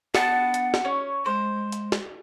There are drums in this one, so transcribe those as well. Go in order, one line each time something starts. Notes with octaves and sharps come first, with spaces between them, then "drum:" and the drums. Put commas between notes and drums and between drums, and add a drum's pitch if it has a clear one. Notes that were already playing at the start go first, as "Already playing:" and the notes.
B3 D4 F#5 A5, drum: snare
drum: hi-hat
drum: snare
C#4 C#5
G#3 C5
drum: hi-hat
drum: snare